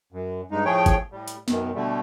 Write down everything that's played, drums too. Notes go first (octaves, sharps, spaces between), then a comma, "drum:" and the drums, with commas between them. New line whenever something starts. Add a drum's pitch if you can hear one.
F#2
G2 G#3 D#4
A2 F3 A3 G#4 C#5 G5
drum: kick G1, hi-hat
A2 G3
drum: hi-hat
F#2 B2 D#3, drum: snare
B2 D3 G3 A3